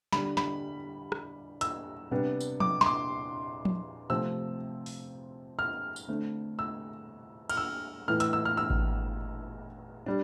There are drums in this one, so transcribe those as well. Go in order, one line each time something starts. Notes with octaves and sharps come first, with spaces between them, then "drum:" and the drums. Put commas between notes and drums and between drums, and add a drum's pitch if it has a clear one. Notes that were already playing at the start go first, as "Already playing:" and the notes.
D3 G3 D4 B5, drum: snare
B5, drum: snare
drum: rim click
E6, drum: hi-hat
C3 G3 B3 D4
drum: tambourine
D6, drum: tom F3
C6, drum: snare
D6
drum: tom F3
C3 F3 A3 C4 E6
drum: open hi-hat
F6
drum: tambourine
D3 A3 C4
E6
F6, drum: cymbal
E6
A2 E3 A3 F6
E6, drum: hi-hat
E6
F6
E6
drum: kick G#1
G3 D4